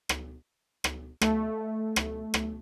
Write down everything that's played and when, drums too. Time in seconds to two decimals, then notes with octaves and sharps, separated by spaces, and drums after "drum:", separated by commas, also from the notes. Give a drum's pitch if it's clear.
0.09 drum: rim click
0.84 drum: rim click
1.21 A3, drum: rim click
1.96 drum: rim click
2.34 drum: rim click